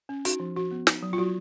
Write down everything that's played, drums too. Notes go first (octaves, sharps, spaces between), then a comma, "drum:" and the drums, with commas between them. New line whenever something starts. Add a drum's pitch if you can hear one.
C#4
D#4 F#4, drum: hi-hat
F3
F3 F#4
B3
D#4, drum: snare
F#3
F4
F#3 F#4